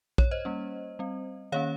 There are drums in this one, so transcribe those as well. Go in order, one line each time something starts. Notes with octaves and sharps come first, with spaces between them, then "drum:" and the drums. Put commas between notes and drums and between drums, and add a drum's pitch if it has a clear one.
C#5, drum: kick A#1
C5 D#5
G3 A#3 C#4
G3 C4
D#3 A#3 C#4 C#5 F5